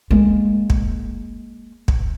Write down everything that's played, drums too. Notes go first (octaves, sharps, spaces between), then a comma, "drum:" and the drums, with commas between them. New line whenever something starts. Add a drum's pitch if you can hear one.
G#3 A#3
drum: kick
drum: kick